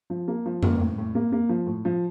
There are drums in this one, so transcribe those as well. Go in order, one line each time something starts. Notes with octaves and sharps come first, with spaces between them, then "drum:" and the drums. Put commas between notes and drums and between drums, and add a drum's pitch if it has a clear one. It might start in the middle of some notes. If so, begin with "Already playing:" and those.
F3
A#3
F3
A#3, drum: tom F2
A2
A2
A#3
A#3
F3
A2
F3